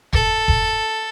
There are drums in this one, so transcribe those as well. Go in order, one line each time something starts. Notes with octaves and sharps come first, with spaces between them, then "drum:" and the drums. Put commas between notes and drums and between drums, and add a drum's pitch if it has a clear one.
A4, drum: kick E1
drum: kick E1